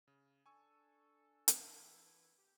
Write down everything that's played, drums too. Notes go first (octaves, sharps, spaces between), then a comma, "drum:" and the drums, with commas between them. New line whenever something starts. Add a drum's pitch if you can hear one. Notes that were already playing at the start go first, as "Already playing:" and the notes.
C#3
D4 A4 G#5 C#6 E6
E3 E4, drum: hi-hat
G4